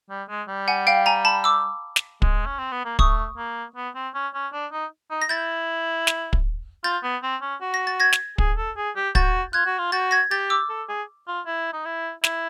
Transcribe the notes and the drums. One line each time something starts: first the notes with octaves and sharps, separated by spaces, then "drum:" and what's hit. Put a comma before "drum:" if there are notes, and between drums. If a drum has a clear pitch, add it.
G3
G#3
G3
F#5 G#5
F5 G5
G#5 A#5
A5 B5
D6 E6
drum: snare
G#3, drum: kick
C#4
C4
B3
A#3
A3 C#6 D#6, drum: kick
A#3
B3
C4
C#4
C#4
D4
D#4
D#4
A#6
E4 G6 A6
drum: snare
drum: kick
F4 G6 A6
B3
C4
C#4
F#4
A#6
A6
G#6 A#6
drum: snare
G#4, drum: kick
A4
G#4
G4
F#4 G6 A6, drum: kick
F4 F#6 G#6
F#4
F4
F#4 G6 A6
G#6 A#6
G4 G6 A6
D6 E6
A4
G#4
F4
E4
D#4
E4
E4, drum: snare